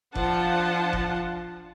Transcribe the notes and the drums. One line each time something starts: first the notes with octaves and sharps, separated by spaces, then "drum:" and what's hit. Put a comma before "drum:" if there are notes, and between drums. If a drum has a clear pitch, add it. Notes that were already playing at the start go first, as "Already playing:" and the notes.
F3 D4 F4 F#5 A5, drum: kick F#1
drum: kick F#1